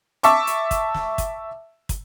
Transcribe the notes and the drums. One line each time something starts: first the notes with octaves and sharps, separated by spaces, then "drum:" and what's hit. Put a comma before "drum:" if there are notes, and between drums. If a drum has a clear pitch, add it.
E5 A5 C#6 D6, drum: hi-hat
drum: hi-hat
drum: kick, hi-hat
drum: snare
drum: kick, hi-hat
drum: kick, hi-hat